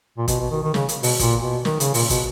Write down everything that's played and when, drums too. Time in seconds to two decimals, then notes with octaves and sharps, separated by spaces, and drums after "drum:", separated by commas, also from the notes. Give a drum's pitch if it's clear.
0.18 A#2
0.28 B2, drum: kick, hi-hat
0.40 B2
0.51 D#3
0.63 D#3
0.74 C#3, drum: snare
0.89 drum: hi-hat
1.03 B2, drum: open hi-hat
1.19 A#2, drum: kick, hi-hat
1.42 B2
1.65 D#3, drum: snare
1.80 C#3, drum: hi-hat
1.94 A#2, drum: open hi-hat
2.10 B2, drum: kick, hi-hat